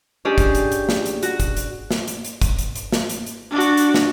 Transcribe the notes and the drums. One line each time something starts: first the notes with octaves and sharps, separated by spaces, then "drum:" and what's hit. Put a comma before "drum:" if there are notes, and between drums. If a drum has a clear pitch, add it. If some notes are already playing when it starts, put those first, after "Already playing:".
C#4 D4 G4 G#4
drum: kick, hi-hat
drum: hi-hat
drum: hi-hat
drum: snare
drum: hi-hat
F#4, drum: hi-hat
drum: kick, hi-hat
drum: hi-hat
drum: snare
drum: hi-hat
drum: hi-hat
drum: kick, hi-hat
drum: hi-hat
drum: hi-hat
drum: snare
drum: hi-hat
drum: hi-hat
D4 F#4
drum: hi-hat
drum: hi-hat
drum: snare